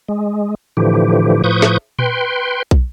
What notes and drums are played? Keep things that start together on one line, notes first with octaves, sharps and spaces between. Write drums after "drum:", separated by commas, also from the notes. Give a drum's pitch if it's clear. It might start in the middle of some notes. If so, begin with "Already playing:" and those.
G#3
A2 D3 E3 F3 G4
A2 F3 B4 C#6 D#6 G6
drum: snare
B4 G5 C6, drum: tom A#2
drum: kick